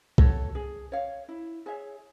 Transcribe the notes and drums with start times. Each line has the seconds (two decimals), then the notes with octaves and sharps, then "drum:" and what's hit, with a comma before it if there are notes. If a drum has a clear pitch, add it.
0.18 F#4 A4 C#5, drum: kick
0.55 G#4
0.92 C#5 F5
1.28 E4
1.66 G#4 C#5 E5